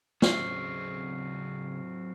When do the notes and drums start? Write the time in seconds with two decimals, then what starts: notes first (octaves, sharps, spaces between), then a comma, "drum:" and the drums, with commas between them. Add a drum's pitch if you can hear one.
0.22 C#3 F#3 C4 C#6 F6 C7, drum: snare